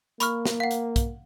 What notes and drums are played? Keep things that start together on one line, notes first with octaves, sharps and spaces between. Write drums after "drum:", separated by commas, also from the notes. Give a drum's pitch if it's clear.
A#3 B5 C#6 F6, drum: hi-hat
drum: snare
F5 F#5
drum: hi-hat
drum: kick, hi-hat